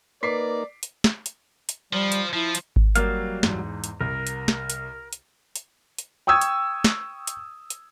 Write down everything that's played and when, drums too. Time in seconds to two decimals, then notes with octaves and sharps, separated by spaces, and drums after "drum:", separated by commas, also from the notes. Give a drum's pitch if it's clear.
0.23 A#3 D#4 A#4 B4 D5 D6 B6 C7
0.83 drum: hi-hat
1.04 drum: snare
1.26 drum: hi-hat
1.69 drum: hi-hat
1.93 F3 G3
2.12 drum: hi-hat
2.33 F3 E4
2.55 drum: hi-hat
2.76 drum: kick G#1
2.96 F#3 G3 A#3 F5, drum: hi-hat
3.43 E2 G#2, drum: snare
3.84 drum: hi-hat
4.01 C2 A#4
4.27 drum: hi-hat
4.48 drum: snare
4.70 drum: hi-hat
5.13 drum: hi-hat
5.56 drum: hi-hat
5.98 drum: hi-hat
6.27 G5 C#6 D#6 E6 G#6
6.41 drum: hi-hat
6.84 drum: snare
7.27 drum: hi-hat
7.70 drum: hi-hat